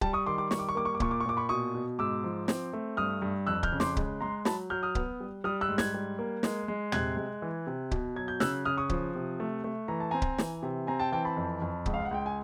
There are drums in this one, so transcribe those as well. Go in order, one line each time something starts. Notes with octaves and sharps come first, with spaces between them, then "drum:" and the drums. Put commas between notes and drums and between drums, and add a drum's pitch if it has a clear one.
G3 G5 A5, drum: kick C#1
C#6 D#6
D#3 C6 D6
C6 D6
G3 C#6, drum: snare
D6
C#6
A#3 D6
C#6
D6
A#2 C#6, drum: kick C#1
D6
C#6
A#2 D6
B5 C#6
B2 C#6 D#6
B2
G#2 D6 E6
F3
C4, drum: snare
A3
G2 D#6 F6
G2
F2 E6 F#6
F6 G6, drum: kick C#1
C#3
C6 D6, drum: snare
G#3, drum: kick C#1
G#3 A#5 C6
F#3 A5 B5, drum: snare
F#3 F6 G6
D#6 F6
B3, drum: kick C#1
G3
G3 D#6 F6
E6 F#6
G#2
F#6 G#6, drum: snare
G3
A#3
G#3, drum: snare
G#3
C3 F#6 G#6, drum: tom
G#3
E3
C3
B2, drum: kick C#1
F#3 G#6
G6
C#3 E6 F#6, drum: snare
C#3 D#6 F6
C#6 D#6
F3, drum: kick C#1
C3
A3
A3
E3 A#5
A5
C4 G#5 A#5
drum: kick C#1
E3, drum: snare
C3
C4 G#5 A#5
G5 A5
E3 G5 A5
A5 B5
F2
F2
C#2, drum: kick C#1
F5
F#5
C#2 G5
G#5